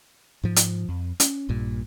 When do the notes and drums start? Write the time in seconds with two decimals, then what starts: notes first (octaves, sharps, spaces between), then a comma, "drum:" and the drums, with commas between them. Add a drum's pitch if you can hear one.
0.43 G#2 F3
0.56 drum: hi-hat
0.89 F2
1.20 C#4, drum: hi-hat
1.49 A#1 G2 A#2